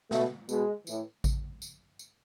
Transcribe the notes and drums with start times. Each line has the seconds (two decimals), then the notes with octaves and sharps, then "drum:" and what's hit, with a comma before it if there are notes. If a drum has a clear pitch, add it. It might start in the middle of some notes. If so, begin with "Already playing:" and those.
0.11 B2 A3, drum: snare
0.49 B2 G#3, drum: tambourine
0.87 A2 E3, drum: tambourine
1.24 drum: kick A1, tambourine
1.62 drum: tambourine
1.99 drum: tambourine